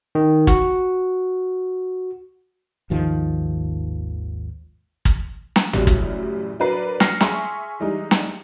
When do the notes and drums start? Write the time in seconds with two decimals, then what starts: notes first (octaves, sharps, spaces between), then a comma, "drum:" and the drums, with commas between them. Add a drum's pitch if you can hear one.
0.15 D#3
0.47 F#4, drum: kick
2.90 G#1 D#2 D#3 F3
5.05 drum: kick
5.56 drum: snare
5.73 F#2 A2 C#3 E3 F#3 G3, drum: tom
5.87 drum: kick
6.60 F#3 D4 A#4 B4 C7
7.00 F6 A#6 C7 C#7, drum: snare
7.21 G#4 E5 G#5 C6 C#6 F6, drum: snare
7.80 E3 G3 G#3 D#4
8.11 drum: snare